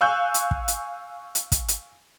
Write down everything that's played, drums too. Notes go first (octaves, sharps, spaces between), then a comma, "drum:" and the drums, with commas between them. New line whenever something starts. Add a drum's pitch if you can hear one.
F5 G#5 C#6 E6 F#6 G6
drum: hi-hat
drum: kick
drum: hi-hat
drum: hi-hat
drum: kick, hi-hat
drum: hi-hat